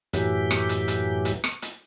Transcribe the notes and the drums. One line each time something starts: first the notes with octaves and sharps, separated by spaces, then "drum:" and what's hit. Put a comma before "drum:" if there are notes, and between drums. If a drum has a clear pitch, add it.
F#2 A2 E3 F#3 G4, drum: hi-hat
drum: rim click
drum: hi-hat
drum: hi-hat
drum: hi-hat
drum: rim click
drum: hi-hat